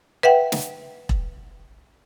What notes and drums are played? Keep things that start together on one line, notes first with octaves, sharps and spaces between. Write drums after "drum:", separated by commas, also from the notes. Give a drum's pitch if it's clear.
B4 E5 F#5 G5
drum: snare
drum: kick E1